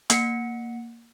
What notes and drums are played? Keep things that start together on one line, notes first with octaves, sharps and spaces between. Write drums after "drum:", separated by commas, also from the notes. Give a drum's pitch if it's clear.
A#3 F#5 C7 C#7, drum: hi-hat